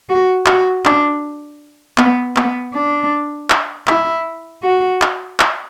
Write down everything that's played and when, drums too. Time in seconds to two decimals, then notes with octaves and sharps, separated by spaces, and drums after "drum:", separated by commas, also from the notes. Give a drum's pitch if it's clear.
0.09 F#4
0.46 F#4, drum: clap
0.85 D4, drum: clap
1.98 B3, drum: clap
2.36 B3, drum: clap
2.74 D4
3.50 drum: clap
3.87 E4, drum: clap
4.63 F#4
5.02 drum: clap
5.40 drum: clap